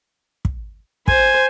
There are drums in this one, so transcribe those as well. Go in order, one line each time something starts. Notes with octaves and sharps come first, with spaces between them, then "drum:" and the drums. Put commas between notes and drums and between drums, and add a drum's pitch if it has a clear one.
drum: kick
C5 G#5, drum: kick